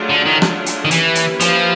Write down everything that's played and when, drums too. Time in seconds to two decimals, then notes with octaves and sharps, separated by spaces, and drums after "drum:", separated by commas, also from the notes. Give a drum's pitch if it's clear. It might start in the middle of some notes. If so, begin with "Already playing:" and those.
Already playing: F#3 A3 D4 F4 G#4
0.09 D3
0.26 D#3
0.42 drum: rim click
0.66 drum: hi-hat
0.85 D#3
0.91 E3 A#3 C#4 E4 G4 B4, drum: hi-hat
1.15 drum: hi-hat
1.40 F3, drum: hi-hat